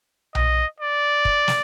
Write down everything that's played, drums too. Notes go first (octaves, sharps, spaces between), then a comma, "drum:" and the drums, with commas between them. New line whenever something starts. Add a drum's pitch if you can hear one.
D#5, drum: tom B1
D5
drum: kick
drum: snare